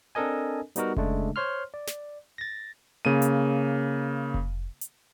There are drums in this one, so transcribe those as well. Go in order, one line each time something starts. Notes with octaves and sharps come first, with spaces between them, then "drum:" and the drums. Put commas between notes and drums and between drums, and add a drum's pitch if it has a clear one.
C4 D4 A4 A#4 D#5 G#5
G3 B3 D#4 F#4 A#4, drum: hi-hat
C#3 G#3 A3 D4, drum: kick F1
C5 C#5 C6 F6
D5
drum: snare
A6 A#6
C#3 A#3 D#7
drum: hi-hat
drum: kick F1
drum: hi-hat